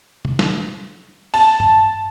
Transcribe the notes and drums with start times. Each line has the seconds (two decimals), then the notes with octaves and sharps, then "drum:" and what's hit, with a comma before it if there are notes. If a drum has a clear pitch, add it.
0.25 drum: tom
0.39 drum: snare
1.34 A5, drum: open hi-hat
1.60 drum: tom G2